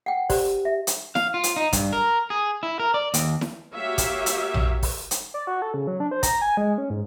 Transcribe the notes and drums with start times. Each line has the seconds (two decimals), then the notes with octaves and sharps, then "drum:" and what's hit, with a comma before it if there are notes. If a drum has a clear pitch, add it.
0.06 F#5 G5
0.30 G4 C5 D5, drum: kick, open hi-hat
0.65 E5
0.87 drum: hi-hat
1.15 F5, drum: snare E4
1.34 F4
1.44 drum: hi-hat
1.57 D#4
1.73 G2, drum: kick, hi-hat
1.93 A#4
2.30 G#4
2.63 E4
2.79 A#4
2.94 D5
3.14 D#2, drum: hi-hat
3.41 drum: snare E4
3.74 A#3 F#4 G4 C#5 E5 F5
3.98 drum: kick, hi-hat
4.26 drum: hi-hat
4.54 drum: tom A#1
4.83 drum: kick, open hi-hat
5.11 drum: hi-hat
5.34 D5
5.47 F#4
5.62 A4
5.74 C#3
5.87 F#3
6.00 D4
6.11 C5
6.23 A#5, drum: kick, hi-hat
6.41 G#5
6.57 G#3
6.78 C#4
6.90 G#2